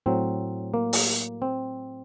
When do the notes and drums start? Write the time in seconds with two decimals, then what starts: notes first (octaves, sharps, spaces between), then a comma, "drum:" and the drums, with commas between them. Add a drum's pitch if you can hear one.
0.06 A2 F#3 C4
0.74 A#3
0.93 drum: open hi-hat
1.42 C4